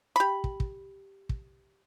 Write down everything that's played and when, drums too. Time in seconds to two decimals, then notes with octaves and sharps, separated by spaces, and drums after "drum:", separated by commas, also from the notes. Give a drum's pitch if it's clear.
0.16 G4 B5
0.44 drum: kick
0.60 drum: kick
1.29 drum: kick